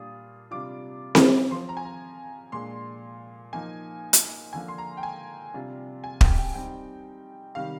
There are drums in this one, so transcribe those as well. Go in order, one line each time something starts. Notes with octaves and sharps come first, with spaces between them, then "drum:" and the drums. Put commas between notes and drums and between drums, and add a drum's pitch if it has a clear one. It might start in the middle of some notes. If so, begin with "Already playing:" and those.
Already playing: A#2 G3 D4 F4 D#6
C3 G3 D4 F4 D6
drum: snare C4
F3 C4 F4 C6
A#5
G#5
A#5
A#2 G#3 D4 C6
F3 A#3 D#4 G#5
drum: hi-hat
D3 F3 A#3 G#5
C6
A#5
G5
G#5
C3 G3 D4 F4
G#5
G5, drum: kick
G5
G3 C4 D#4 G5
C3 D#3 G3 F5